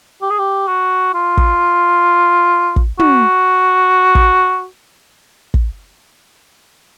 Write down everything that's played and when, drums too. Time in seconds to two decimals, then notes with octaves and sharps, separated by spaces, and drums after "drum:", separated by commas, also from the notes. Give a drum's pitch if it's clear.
0.22 G4
0.31 G#4
0.39 G4
0.68 F#4
1.14 F4
1.37 drum: kick
2.76 drum: kick
2.99 F#4, drum: tom
4.15 drum: kick
5.54 drum: kick